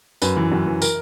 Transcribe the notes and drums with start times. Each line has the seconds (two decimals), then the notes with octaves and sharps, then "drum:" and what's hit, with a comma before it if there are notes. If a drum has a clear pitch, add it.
0.22 F#2 B4, drum: tambourine
0.36 E3
0.52 F#2
0.66 E3
0.82 A#4, drum: tambourine